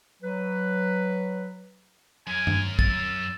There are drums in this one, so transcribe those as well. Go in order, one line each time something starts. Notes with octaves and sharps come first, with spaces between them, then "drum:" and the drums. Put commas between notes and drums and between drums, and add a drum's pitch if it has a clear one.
F#3 B4
F#2 A#4 G#5
drum: tom G2
E6 A6, drum: kick